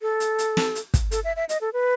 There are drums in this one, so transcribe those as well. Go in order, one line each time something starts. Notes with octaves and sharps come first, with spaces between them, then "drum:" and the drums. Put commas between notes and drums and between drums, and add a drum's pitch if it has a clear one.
A4
drum: hi-hat
drum: hi-hat
drum: snare
drum: hi-hat
drum: kick, hi-hat
A4, drum: hi-hat
E5
E5
D#5, drum: hi-hat
A4
B4